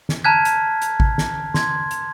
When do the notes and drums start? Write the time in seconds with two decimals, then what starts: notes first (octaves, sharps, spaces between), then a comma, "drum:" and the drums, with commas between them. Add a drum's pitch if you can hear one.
0.09 drum: snare
0.24 A5 A#5 F6 F#6 G#6 B6
0.45 drum: hi-hat
0.82 drum: hi-hat
1.00 drum: kick G#1
1.18 drum: snare
1.54 C6 G#6, drum: snare
1.91 drum: hi-hat